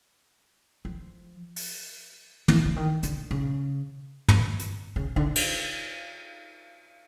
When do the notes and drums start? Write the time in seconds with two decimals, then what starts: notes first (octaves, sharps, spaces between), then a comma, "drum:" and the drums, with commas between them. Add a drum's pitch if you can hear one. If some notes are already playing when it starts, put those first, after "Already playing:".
0.85 F3
1.56 drum: open hi-hat
2.48 E3, drum: tom
2.65 D3
2.76 D#3
3.03 D3, drum: hi-hat
3.31 C#3
4.28 drum: tom
4.59 drum: hi-hat
4.96 C#3
5.16 D3
5.36 drum: cymbal